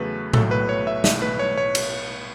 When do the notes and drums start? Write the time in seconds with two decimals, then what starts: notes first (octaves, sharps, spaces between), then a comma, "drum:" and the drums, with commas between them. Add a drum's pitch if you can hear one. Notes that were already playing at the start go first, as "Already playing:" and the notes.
Already playing: E2 C#3 F#3 A3 B4
0.33 B1 A2 F#3 A3 A4, drum: tom A2
0.51 B4
0.69 C#5
0.87 E5
1.04 B1 A2 A3 E5, drum: snare
1.22 B4
1.39 C#5
1.57 C#5
1.75 drum: cymbal